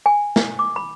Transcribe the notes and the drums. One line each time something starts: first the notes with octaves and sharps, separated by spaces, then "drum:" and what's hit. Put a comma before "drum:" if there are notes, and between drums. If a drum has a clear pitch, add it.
G#5
drum: snare
D6
B5